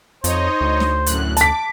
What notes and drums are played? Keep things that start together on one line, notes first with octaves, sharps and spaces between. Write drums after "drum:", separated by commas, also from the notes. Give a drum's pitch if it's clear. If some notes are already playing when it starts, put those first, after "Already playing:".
F2 D#4 C5 C#5 D#5, drum: hi-hat
D2
drum: snare
F#2 A2 F#6, drum: hi-hat
A5 D6 B6, drum: hi-hat